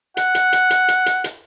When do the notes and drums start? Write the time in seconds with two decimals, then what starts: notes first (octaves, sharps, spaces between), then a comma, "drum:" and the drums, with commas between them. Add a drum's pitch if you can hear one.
0.17 F#5, drum: hi-hat
0.35 drum: hi-hat
0.53 drum: hi-hat
0.70 drum: hi-hat
0.88 drum: hi-hat
1.06 drum: hi-hat
1.24 drum: hi-hat